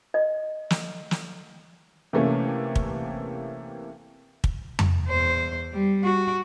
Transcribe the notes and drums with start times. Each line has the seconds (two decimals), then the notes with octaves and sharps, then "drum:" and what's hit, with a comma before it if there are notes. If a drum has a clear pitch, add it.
0.14 D#5
0.70 drum: snare
1.11 drum: snare
2.13 C3 E3 A3 A#3 C#4
2.76 drum: kick
4.44 drum: kick
4.79 drum: tom F2
5.08 E2 C5
5.73 G3
6.04 F#4